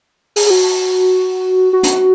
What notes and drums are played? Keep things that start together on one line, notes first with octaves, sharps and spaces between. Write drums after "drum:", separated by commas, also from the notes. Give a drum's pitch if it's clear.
G#4, drum: open hi-hat
G#4
F#4
F#4
drum: hi-hat